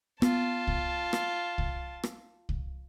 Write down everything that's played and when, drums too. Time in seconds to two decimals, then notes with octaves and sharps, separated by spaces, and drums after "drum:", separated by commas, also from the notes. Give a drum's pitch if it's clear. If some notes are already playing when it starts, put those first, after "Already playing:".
0.22 B3 F4 A5, drum: rim click
0.67 drum: kick C2
1.13 drum: rim click
1.58 drum: kick C2
2.03 drum: rim click
2.49 drum: kick C2